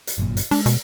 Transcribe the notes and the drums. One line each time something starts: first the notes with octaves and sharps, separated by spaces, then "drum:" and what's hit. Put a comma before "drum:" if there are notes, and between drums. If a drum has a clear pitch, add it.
drum: hi-hat
G1 F#2 A#2
drum: hi-hat
G#3 D4, drum: open hi-hat
B2, drum: hi-hat